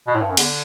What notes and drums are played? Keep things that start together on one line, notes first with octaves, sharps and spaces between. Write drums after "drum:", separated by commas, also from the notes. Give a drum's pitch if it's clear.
B2
A2
G2
F#2
E2 D3 D4, drum: cymbal